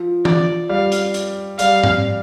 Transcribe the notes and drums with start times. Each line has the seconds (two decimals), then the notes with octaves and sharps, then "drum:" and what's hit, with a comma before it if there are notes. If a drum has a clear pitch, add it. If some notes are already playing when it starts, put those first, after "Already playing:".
Already playing: F3
0.25 D5, drum: tom E3
0.69 G3 F5
0.92 drum: hi-hat
1.14 drum: hi-hat
1.59 G3 F5, drum: hi-hat
1.84 drum: tom G#2